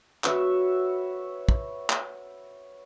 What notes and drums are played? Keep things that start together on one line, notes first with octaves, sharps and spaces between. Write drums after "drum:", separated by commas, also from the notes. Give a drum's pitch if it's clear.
F#4 B4 C#5 E5, drum: clap
drum: kick
drum: clap